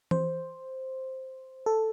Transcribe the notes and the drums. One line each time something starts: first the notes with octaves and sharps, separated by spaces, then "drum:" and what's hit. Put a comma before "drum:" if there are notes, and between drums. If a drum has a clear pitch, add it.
C5, drum: tom E3
A4